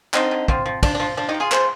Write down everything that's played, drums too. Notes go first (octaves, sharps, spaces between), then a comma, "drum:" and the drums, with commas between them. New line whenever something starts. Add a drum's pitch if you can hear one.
D3 C4 D#4, drum: clap
D3
F3 C4, drum: kick
F3
F3 D4, drum: kick, cymbal
F3 D4
F3 D4
D#4 G4
F3
F4 G#4
F3 G#4 C5, drum: clap